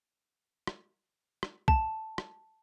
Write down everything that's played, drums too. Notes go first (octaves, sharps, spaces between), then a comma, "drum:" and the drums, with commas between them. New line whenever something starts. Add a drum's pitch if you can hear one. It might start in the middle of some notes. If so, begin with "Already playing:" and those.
drum: rim click
drum: rim click
A5, drum: kick B1
drum: rim click